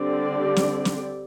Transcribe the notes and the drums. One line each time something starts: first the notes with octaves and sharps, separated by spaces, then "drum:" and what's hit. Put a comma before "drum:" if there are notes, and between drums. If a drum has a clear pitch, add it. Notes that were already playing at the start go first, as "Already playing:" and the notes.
Already playing: D3 G3 C4 G4 D5
drum: snare
drum: snare